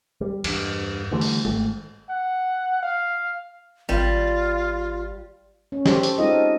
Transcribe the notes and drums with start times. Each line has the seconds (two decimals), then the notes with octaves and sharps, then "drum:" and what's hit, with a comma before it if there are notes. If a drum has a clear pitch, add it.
0.21 G3
0.44 E2 G2, drum: cymbal
1.11 D3 E3 G3 A3
1.21 drum: open hi-hat
1.45 G#1 A3, drum: tom
2.09 F#5
2.83 F5
3.89 G#1 G3 F4
5.72 C#4
5.86 G4 A4 C5, drum: snare
6.03 drum: hi-hat
6.18 G#3 C4 D#4 F4 A4 D#5